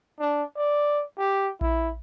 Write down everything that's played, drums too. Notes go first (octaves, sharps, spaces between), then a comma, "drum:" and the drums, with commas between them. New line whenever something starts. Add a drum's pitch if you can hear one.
D4
D5
G4
E4, drum: kick A#1